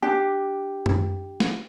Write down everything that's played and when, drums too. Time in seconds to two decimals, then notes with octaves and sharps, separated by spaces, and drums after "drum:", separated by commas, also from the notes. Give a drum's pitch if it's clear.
0.02 D4 G4
0.86 drum: tom F#2
1.40 drum: snare